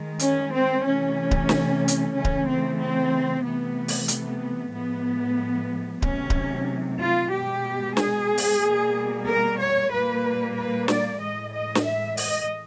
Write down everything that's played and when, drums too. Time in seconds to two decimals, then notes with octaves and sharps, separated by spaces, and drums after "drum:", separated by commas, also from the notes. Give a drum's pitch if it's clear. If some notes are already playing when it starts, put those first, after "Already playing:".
Already playing: D#3 G#3
0.19 C#4, drum: hi-hat
0.52 C4
0.84 C3 E3 A3 C#4
1.31 drum: kick D1
1.49 drum: snare
1.88 drum: hi-hat
2.14 C#3 E3 A3 C#4
2.25 drum: kick D1
2.46 C4
2.78 C4
3.43 C3 E3 A3 B3
3.88 drum: open hi-hat
4.08 B3, drum: hi-hat
4.73 A2 F3 G#3 B3
6.02 C3 D#3 F#3 A3 C#4, drum: kick D1
6.30 drum: kick D1
6.99 F4
7.32 B2 G#3 G4
7.97 G#4, drum: snare
8.38 drum: open hi-hat
8.61 B2 G3 A#3
9.26 A#4
9.58 C#5
9.91 A#2 G3 A#3 B4
10.56 B4
10.88 D5, drum: snare
11.20 A2 E3 G#3 D#5
11.53 D#5
11.75 drum: snare
11.85 E5
12.17 D#5, drum: open hi-hat